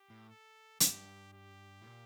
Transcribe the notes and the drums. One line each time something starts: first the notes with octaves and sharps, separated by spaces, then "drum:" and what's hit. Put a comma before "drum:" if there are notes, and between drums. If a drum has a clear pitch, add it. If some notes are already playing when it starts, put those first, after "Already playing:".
Already playing: G4
A2
A4
G2 G4, drum: hi-hat
G4
A2
A#2